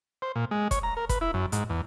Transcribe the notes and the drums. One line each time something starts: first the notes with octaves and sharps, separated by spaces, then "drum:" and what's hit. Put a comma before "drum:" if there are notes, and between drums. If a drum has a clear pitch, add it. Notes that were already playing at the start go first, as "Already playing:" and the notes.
C5
A#2
G#3
C#5, drum: kick, hi-hat
A#5
A#4
B4, drum: kick, hi-hat
E4
F#2
G#2, drum: hi-hat
E2